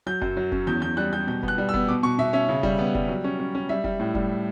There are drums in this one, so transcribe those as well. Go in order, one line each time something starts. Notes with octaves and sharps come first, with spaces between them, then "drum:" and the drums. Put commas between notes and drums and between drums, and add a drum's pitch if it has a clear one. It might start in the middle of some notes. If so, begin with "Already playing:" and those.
F#3 G6
F#2, drum: kick F1
F#3
C#4, drum: kick F1
E2 G6
E2 G6
G3 F#6
G3 G6
B2 G6
B3, drum: kick F1
F#6
G3
E6
B3, drum: kick F1
B2 D6
B2 C#6
B2 E5
C#4 E5
C#3
G3, drum: kick F1
B3
G3, drum: kick F1
F#3
C#4
C#4
C#4
G3 E5
G3, drum: kick F1
A2
G3, drum: kick F1